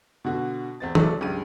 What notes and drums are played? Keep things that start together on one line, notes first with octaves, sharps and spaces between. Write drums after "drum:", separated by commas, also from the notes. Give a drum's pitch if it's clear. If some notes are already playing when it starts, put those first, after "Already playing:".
B2 D3 F#4
E2 C4 A6
F#3 A3 D5, drum: tom
C#2 G2 D#7